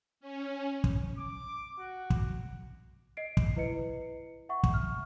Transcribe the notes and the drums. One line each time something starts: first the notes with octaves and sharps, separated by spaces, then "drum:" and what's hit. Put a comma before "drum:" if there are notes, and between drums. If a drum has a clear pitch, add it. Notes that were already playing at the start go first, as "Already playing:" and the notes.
C#4
drum: kick
D6
F#4
drum: kick
D#5 C7 D7
drum: kick
E4 B4 D#5 C#7
E5 F#5 C#6
drum: kick
F6